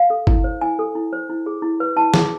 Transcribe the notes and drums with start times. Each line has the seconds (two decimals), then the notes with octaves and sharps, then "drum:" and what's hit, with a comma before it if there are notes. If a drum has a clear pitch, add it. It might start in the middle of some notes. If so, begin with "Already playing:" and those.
Already playing: F5
0.10 A4
0.27 E4, drum: kick G1
0.44 C5
0.61 E4 G#5
0.79 A4
0.95 E4
1.13 C5
1.29 E4
1.46 G#4
1.62 E4
1.80 B4
1.96 E4 A5
2.14 G#4, drum: snare